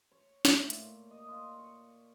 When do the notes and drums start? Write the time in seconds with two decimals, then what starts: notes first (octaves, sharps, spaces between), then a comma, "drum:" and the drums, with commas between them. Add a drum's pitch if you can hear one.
0.11 C#5
0.45 drum: snare
0.54 A2
0.70 A#2, drum: hi-hat
1.11 D#5
1.28 F4
1.58 C#6